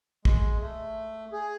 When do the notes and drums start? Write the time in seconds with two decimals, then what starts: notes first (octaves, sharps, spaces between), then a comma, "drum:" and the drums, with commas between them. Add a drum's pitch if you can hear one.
0.25 G#3, drum: kick
0.61 A3
1.32 G#4